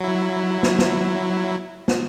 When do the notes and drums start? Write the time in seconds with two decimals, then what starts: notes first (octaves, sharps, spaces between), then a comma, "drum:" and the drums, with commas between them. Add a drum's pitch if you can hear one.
0.01 F#3 E4
0.63 drum: snare
0.79 drum: snare
1.88 drum: snare